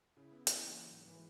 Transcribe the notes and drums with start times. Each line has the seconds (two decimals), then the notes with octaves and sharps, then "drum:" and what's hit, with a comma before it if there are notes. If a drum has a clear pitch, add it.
0.16 C#3 E4
0.32 B3
0.47 E3, drum: hi-hat
0.62 A#3
0.77 F#3
0.92 G#2
1.07 E3 G#3